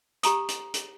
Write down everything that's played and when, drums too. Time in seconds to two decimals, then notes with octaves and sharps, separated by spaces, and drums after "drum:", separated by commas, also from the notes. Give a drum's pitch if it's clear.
0.23 G4 A#5 D#6, drum: hi-hat
0.49 drum: hi-hat
0.74 drum: hi-hat